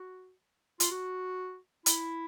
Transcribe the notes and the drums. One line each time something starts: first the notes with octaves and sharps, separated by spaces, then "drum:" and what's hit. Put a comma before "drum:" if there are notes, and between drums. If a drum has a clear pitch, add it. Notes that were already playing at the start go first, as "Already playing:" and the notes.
Already playing: F#4
F4, drum: hi-hat
F#4
E4, drum: hi-hat